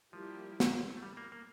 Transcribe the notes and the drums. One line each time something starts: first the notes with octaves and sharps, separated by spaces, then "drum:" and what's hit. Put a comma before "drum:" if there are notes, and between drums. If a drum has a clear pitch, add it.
F3 G3 A#3 E4 G4
drum: snare
A3
G3
A#3
A#3